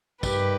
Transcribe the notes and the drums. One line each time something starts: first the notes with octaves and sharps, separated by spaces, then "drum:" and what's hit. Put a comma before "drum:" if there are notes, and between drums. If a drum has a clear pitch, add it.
G2 D#3 G4 B4, drum: kick, tambourine